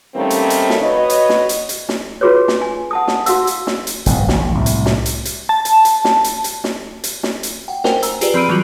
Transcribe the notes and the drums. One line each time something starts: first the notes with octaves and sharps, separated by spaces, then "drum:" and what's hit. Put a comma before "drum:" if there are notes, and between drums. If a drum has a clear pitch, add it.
D#3 G3 A3 A#3 C4 C#4
drum: hi-hat
drum: hi-hat
drum: snare
F#4 B4 C#5 D#5
drum: hi-hat
drum: snare
drum: hi-hat
drum: hi-hat
drum: snare
F4 F#4 G#4 B4 C#5
drum: snare
G#5
F#5 A5 D#6
drum: snare
F#4 F5 F#5 E6, drum: hi-hat
drum: hi-hat
drum: snare
drum: hi-hat
F#1 G#2 B2, drum: hi-hat
A#1 D#2, drum: snare
C2 A2 C3
drum: hi-hat
drum: snare
drum: hi-hat
drum: hi-hat
A5
drum: hi-hat
drum: hi-hat
drum: snare
drum: hi-hat
drum: hi-hat
drum: snare
drum: hi-hat
drum: snare
drum: hi-hat
F#5 G5
A#4 C5 G5 G#5, drum: snare
A#5 E6, drum: hi-hat
F4 G4 G#4 B4 D5, drum: hi-hat
F3 C4 B5 E6 D7 D#7
E3 F#3 G3 F4 F#4